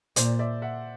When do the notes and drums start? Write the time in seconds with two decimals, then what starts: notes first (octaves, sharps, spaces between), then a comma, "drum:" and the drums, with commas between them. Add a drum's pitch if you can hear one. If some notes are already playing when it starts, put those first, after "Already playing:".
0.16 A#2 C5 D5, drum: hi-hat
0.39 D5 E5
0.62 E5 F#5